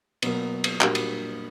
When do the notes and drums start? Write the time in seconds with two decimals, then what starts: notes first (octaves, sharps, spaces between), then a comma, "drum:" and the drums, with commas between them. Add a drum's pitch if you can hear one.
0.22 B2 F#3 A#3, drum: cymbal
0.64 drum: cymbal
0.81 A#2 G3 A#3 D4 F#4, drum: clap
0.95 drum: cymbal